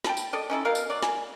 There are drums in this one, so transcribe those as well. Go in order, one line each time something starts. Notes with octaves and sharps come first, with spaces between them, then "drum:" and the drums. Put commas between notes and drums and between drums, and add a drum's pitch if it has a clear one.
G5 A5 B5, drum: snare
drum: tambourine
A4 D5 D#5
C#4 D#4 E4 A4
B2 A#4 F5
drum: tambourine
F#3 D5
G#5, drum: snare